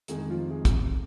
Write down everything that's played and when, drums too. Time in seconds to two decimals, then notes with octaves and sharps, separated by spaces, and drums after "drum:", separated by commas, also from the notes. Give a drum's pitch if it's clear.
0.08 F1 F2 D#3 G#3 G#4, drum: hi-hat
0.30 F3 F4
0.50 G#3 G#4
0.65 drum: kick, hi-hat